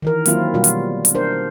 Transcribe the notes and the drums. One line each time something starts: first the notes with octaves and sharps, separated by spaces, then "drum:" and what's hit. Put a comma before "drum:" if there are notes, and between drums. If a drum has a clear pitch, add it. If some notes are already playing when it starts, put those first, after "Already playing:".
D#3 E3 A#4
D#3 F#3 A#3 C4 E4 F4, drum: hi-hat
B2 G3 F4 F#4
drum: hi-hat
drum: hi-hat
D4 A#4 C5